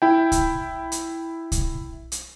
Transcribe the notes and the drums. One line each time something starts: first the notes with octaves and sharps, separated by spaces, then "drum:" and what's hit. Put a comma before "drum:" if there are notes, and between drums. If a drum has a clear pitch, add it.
E4 G5
drum: kick, hi-hat
drum: hi-hat
drum: kick, hi-hat
drum: hi-hat